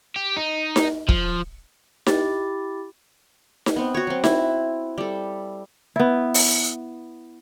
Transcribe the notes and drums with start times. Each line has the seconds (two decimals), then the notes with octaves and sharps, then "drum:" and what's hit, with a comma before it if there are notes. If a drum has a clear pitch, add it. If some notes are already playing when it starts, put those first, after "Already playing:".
0.16 G4
0.37 D#4
0.76 drum: snare D#4
1.09 F3, drum: kick
2.06 E4 G4 A6, drum: snare D#4
3.66 drum: snare D#4
3.76 B3 C4
3.94 F#4 C#5
4.07 F#3 C4
4.24 E4, drum: snare D#4
4.98 G3 A4
5.96 B3 E4
6.34 drum: open hi-hat